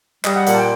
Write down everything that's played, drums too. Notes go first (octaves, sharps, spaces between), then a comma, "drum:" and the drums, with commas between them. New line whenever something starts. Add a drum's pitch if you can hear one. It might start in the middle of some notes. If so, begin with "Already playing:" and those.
G3 D#5, drum: clap
F#5
A#2 F#5, drum: hi-hat
A5
G5